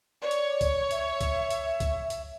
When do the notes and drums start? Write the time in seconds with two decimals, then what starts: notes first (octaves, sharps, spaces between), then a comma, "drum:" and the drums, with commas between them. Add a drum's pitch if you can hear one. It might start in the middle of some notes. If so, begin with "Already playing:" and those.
0.22 C#5 D5
0.31 drum: hi-hat
0.61 drum: kick C2, hi-hat
0.91 E5, drum: hi-hat
1.21 drum: kick C2, hi-hat
1.50 drum: hi-hat
1.80 drum: kick C2, hi-hat
2.10 drum: hi-hat